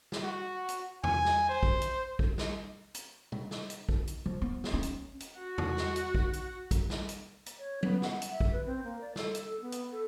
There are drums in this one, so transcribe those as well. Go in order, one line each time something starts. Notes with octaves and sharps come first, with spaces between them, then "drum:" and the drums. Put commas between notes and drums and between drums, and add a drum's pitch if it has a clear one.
drum: snare
F#4
drum: hi-hat
G#5, drum: tom E2
drum: snare
C5
drum: kick
drum: hi-hat
drum: kick
drum: snare
drum: hi-hat
drum: tom
drum: snare
drum: hi-hat
drum: kick
drum: hi-hat
F3
B3
drum: snare
C#4
drum: hi-hat
drum: hi-hat
F#4 F#5
drum: tom E2
drum: snare
drum: hi-hat
drum: kick
drum: hi-hat
drum: kick, hi-hat
drum: snare
drum: hi-hat
drum: hi-hat
C#5
B3, drum: tom F#3
F#5, drum: snare
drum: hi-hat
E5
drum: kick
B4
C4
A#3
D5
A4, drum: snare
drum: hi-hat
A4
B3
drum: hi-hat
A4